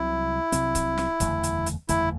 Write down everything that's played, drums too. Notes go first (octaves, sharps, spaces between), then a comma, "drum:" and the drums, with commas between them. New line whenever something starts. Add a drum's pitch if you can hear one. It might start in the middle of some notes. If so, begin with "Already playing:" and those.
Already playing: C2 C3 F#3 C4 E4
C2 C3 F#3 C4, drum: hi-hat
drum: kick C#1, hi-hat
drum: snare
F#1 E2 D3 A3, drum: kick C#1, hi-hat
drum: hi-hat
drum: hi-hat
F#1 E2 D3 A3 E4, drum: hi-hat